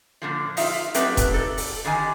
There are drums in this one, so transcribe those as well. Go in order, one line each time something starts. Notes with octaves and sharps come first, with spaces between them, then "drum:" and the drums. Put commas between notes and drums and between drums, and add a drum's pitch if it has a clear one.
A#2 D3 F3
D#4 F4 E5, drum: open hi-hat
F#3 A3 C4 D#4 G4 B4, drum: hi-hat
drum: kick E1, hi-hat
A4 D5
drum: open hi-hat
D3 D#3 G3 G#5